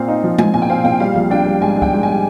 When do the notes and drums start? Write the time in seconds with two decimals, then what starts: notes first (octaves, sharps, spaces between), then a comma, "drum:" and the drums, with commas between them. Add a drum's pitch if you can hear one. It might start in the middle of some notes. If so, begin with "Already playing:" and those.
Already playing: A#2 C4 F5
0.08 D#4
0.24 F3
0.39 F3 G#5, drum: tom G#3
0.54 A#2 G#5
0.62 G5
0.69 C4 F5
0.84 A#2 G5
1.00 G3 F5
1.15 A#1
1.30 D4 G5
1.46 G3
1.62 G#2 G#5
1.77 D4
1.82 G5, drum: kick
1.93 G#2
2.03 G#5
2.09 G3